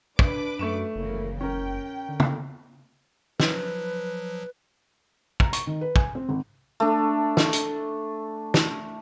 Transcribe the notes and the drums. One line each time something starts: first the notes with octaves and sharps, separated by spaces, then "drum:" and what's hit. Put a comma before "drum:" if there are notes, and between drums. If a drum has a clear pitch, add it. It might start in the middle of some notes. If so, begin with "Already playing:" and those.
D4 B4 D6, drum: kick
F#2 A3 C#6 E7
F#1 E2 C#3 A#3
C#4 A#4 G5
D3
drum: tom
F3 F#3 B4, drum: snare
A#5, drum: kick
C#6, drum: hi-hat
D#3
B4
G#5, drum: kick
C4
G#1
A3 D4
drum: snare
drum: hi-hat
drum: snare